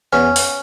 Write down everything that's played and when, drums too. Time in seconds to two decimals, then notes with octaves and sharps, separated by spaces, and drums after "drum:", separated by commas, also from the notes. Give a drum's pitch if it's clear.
0.13 E2 C#4
0.36 drum: open hi-hat